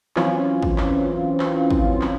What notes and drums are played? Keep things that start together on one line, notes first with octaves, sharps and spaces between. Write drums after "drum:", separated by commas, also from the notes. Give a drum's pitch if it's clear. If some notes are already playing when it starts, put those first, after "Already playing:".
E3 F#3 C4 C#4 F4, drum: clap
drum: kick
drum: clap
drum: clap
drum: kick
drum: clap